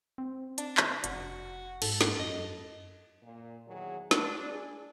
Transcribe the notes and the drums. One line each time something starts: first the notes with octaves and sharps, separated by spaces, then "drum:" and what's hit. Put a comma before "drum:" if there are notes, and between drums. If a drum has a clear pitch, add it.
C4
D4, drum: hi-hat
drum: clap
F1 F#4, drum: hi-hat
G#2 A4, drum: cymbal
drum: snare
F#2 D#5
A#2
E2 D#3 F#3 G#4
D4, drum: snare
G#4